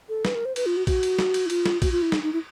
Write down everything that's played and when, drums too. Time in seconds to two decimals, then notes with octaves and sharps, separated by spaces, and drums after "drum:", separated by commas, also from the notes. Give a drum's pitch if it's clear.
0.09 A4
0.25 B4, drum: snare
0.35 A#4
0.45 C5
0.56 B4, drum: cymbal
0.66 F4
0.77 F#4
0.87 F#4, drum: kick A#1, cymbal
1.03 drum: cymbal
1.19 drum: snare
1.34 drum: cymbal
1.46 E4
1.50 F4, drum: cymbal
1.66 drum: snare
1.82 F#4, drum: kick A#1, cymbal
1.92 F4
2.02 E4
2.12 D#4, drum: snare
2.23 D#4
2.33 E4